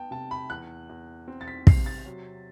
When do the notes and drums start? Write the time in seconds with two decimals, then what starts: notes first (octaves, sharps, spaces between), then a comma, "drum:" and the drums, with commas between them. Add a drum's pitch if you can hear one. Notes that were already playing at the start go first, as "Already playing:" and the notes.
Already playing: B3 G5 A5
0.11 C3 A5
0.31 B5
0.50 E2 F#6
0.89 E2
1.28 C4
1.41 A6
1.48 B6
1.67 C3 C7, drum: kick
1.86 A6
2.06 F#3